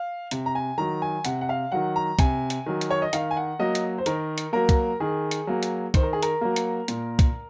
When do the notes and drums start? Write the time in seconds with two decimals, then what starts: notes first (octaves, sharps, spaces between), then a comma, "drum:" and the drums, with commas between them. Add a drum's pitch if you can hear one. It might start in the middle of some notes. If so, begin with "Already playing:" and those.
Already playing: F5
0.31 C3, drum: hi-hat
0.46 A#5
0.55 G#5
0.78 D#3 F#3 A#5
1.02 G#5
1.25 C3 F#5, drum: hi-hat
1.41 F#5
1.49 F5
1.72 D#3 F#3 F#5
1.96 A#5
2.19 C3 G#5, drum: kick C2, hi-hat
2.50 drum: hi-hat
2.66 D#3 F#3
2.81 drum: hi-hat
2.91 C#5
3.02 D#5
3.13 D#3 F5, drum: hi-hat
3.31 G#5
3.37 F#5
3.59 F#3 A#3 D#5
3.75 drum: hi-hat
3.98 C5
4.06 D#3 A#4, drum: hi-hat
4.38 drum: hi-hat
4.53 F#3 A#3 A#4
4.69 drum: kick C2, hi-hat
5.00 D#3 G#4
5.31 drum: hi-hat
5.47 F#3 A#3
5.63 drum: hi-hat
5.94 D#3 C5, drum: kick C2, hi-hat
6.03 A#4
6.13 G#4
6.23 A#4, drum: hi-hat
6.41 F#3 A#3
6.56 drum: hi-hat
6.88 A#2, drum: hi-hat
7.19 drum: kick C2, hi-hat